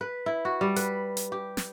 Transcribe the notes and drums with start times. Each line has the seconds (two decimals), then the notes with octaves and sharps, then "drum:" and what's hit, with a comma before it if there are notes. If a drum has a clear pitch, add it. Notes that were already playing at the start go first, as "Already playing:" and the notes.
0.01 B4
0.26 E4
0.45 F#4
0.61 G3
0.76 B4, drum: hi-hat
1.17 drum: hi-hat
1.32 G4
1.57 drum: snare